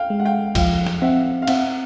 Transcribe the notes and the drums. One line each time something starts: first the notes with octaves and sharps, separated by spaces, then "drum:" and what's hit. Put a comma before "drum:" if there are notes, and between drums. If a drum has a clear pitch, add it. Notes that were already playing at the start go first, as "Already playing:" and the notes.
Already playing: F5 G5
G#3
F#5
F5 G5
F3 F5 G5, drum: kick, cymbal
drum: snare
C4 E5 F#5
F5
C4 E5 F#5, drum: cymbal